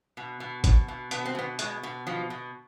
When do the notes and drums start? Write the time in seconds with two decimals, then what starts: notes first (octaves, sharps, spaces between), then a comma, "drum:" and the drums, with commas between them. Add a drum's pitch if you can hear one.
0.17 B2
0.40 B2
0.64 B2, drum: kick G#1, hi-hat
0.88 B2
1.11 B2 B3, drum: hi-hat
1.25 C4
1.35 B2 B3
1.59 B2 G#3, drum: hi-hat
1.83 B2
2.07 B2 F3
2.30 B2